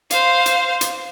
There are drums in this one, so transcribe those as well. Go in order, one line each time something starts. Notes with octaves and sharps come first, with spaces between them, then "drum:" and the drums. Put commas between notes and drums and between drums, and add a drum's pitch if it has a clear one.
C5 F5, drum: hi-hat
drum: hi-hat
drum: hi-hat